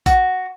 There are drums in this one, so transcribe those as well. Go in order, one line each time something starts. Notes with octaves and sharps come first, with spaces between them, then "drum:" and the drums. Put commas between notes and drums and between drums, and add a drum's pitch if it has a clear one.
F#4, drum: kick, tambourine